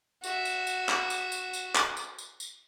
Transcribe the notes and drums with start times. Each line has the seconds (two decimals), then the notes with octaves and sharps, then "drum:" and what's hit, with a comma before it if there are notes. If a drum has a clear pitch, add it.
0.24 F#4 E5, drum: tambourine
0.45 drum: tambourine
0.67 drum: tambourine
0.89 drum: clap
1.10 drum: tambourine
1.32 drum: tambourine
1.53 drum: tambourine
1.75 drum: clap
1.97 drum: tambourine
2.18 drum: tambourine
2.40 drum: tambourine